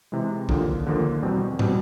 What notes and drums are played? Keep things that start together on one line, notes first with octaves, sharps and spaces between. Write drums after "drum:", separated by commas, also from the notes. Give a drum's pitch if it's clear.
C3 E3 G#3
D#2 D3 F3 A#3, drum: kick
D#2 D3 F3 A#3
E2 B2 G3 C4
B2 G3 C4, drum: tom